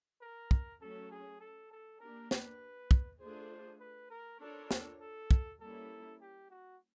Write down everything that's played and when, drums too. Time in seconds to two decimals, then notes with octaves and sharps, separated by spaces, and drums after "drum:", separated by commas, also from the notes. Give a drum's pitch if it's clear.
0.21 A#4
0.51 drum: kick
0.81 F#3 A3 C#4 A4
1.11 G#4
1.40 A4
1.71 A4
2.00 A#3 D4 G4 A#4
2.31 B4, drum: snare
2.91 drum: kick
3.20 A3 D4 F4 G#4 C5
3.80 B4
4.10 A#4
4.40 D4 F4 A4 A#4 C#5
4.71 drum: snare
5.01 A4
5.31 drum: kick
5.60 G3 A#3 C#4 E4 A4
6.21 G4
6.50 F#4